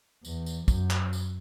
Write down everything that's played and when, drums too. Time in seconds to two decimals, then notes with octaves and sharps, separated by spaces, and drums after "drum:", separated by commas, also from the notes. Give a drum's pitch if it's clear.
0.25 E2, drum: tambourine
0.46 drum: tambourine
0.68 F#2, drum: kick, tambourine
0.91 drum: clap
1.13 drum: tambourine